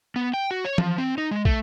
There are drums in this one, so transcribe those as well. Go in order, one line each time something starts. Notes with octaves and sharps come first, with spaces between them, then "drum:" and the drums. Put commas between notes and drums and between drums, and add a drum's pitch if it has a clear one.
B3
G5
F#4
C#5
F3, drum: tom E3
C4
D#4
G#3
A3, drum: kick